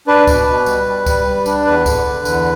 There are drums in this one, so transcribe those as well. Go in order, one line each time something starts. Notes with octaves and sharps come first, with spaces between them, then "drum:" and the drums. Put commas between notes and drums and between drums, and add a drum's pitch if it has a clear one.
D4 B4
B2, drum: kick C#2, tambourine
B2
G3, drum: tambourine
G3
G3, drum: kick C#2, tambourine
G3
D4, drum: tambourine
E2 B4
D3, drum: kick C#2, tambourine
D3
E2, drum: tambourine